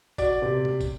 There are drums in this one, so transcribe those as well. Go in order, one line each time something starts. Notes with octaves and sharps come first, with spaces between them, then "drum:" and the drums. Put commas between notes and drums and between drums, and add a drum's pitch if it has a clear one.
F#4 D5, drum: kick, tambourine
C3
drum: tom A#2
drum: kick, tambourine